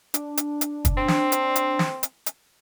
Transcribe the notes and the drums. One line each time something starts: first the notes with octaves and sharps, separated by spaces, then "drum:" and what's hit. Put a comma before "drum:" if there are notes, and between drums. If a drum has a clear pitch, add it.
D4, drum: hi-hat
drum: hi-hat
drum: hi-hat
drum: kick, hi-hat
C4
drum: snare
drum: hi-hat
drum: hi-hat
drum: snare
drum: hi-hat
drum: hi-hat